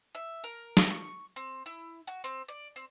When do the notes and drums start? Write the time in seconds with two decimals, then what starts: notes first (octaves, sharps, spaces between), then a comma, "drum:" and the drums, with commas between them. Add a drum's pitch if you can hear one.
0.15 E5
0.44 A#4
0.77 drum: snare
0.91 C#6
1.36 C4
1.66 E4
2.07 F#4
2.24 C4
2.48 D5
2.76 C4